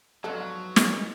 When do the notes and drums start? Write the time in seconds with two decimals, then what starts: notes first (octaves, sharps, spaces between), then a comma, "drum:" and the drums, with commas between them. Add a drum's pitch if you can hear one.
0.24 F2 G#2 D3 F#3 B3 A4
0.76 G#4 F5, drum: snare